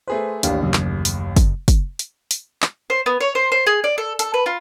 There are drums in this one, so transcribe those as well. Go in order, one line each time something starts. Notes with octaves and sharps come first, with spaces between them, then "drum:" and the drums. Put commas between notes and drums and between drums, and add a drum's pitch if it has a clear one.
A3 G#4 B4 C5
A1 D#2 D4 G4 F5, drum: hi-hat
F#2 C#3
drum: clap
drum: hi-hat
drum: kick, hi-hat
drum: kick, hi-hat
drum: hi-hat
drum: hi-hat
drum: clap
C5
B3
C#5
C5
C5
G#4
D5
A4
A4, drum: hi-hat
B4
F4